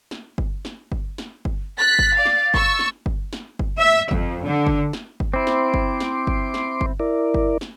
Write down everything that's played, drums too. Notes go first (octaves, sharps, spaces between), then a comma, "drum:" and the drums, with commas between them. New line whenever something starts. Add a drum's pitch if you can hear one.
drum: snare
drum: kick G1
drum: snare
drum: kick G1
drum: snare
drum: kick G1
F#6 A6 B6
drum: kick G1
D5 F5
drum: snare
C#6 E6, drum: kick G1
drum: snare
drum: kick G1
drum: snare
drum: kick G1
E5
F2, drum: kick G1
D3
drum: kick G1
drum: snare
drum: kick G1
C4 E4 C5 C6 D6
drum: snare
drum: kick G1
drum: snare
drum: kick G1
drum: snare
drum: kick G1
E4 A#4 D5
drum: kick G1
drum: snare